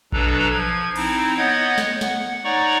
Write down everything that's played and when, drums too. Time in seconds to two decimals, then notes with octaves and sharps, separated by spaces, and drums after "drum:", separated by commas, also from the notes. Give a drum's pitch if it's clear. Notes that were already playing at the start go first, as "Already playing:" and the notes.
0.13 B2 F#3 D4 A4 B4 A#5, drum: kick A#1
0.50 F3 G#6
0.96 C4 D#4 E4, drum: cymbal
1.38 B3 C#5 D#5 F#5 G6 G#6
1.78 drum: snare
2.01 F#5, drum: snare
2.44 D#4 C#5 D5 F#5 A#5 C#6